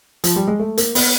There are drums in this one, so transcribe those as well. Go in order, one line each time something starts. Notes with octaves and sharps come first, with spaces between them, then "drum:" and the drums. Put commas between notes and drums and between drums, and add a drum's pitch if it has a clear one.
F3, drum: hi-hat
G3
G#3
A3
A#3, drum: hi-hat
B3, drum: open hi-hat